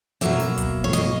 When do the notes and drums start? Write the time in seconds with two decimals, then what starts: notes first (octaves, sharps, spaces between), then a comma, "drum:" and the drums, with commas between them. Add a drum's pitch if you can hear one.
0.21 B2 F#3 A#3 E5, drum: hi-hat
0.40 drum: snare
0.58 drum: kick, hi-hat
0.84 C#5
0.93 D#5, drum: hi-hat